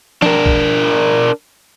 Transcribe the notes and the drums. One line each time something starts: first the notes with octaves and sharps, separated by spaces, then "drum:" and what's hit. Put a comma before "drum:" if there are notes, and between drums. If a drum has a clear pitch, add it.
D4 A#4, drum: snare
drum: kick B1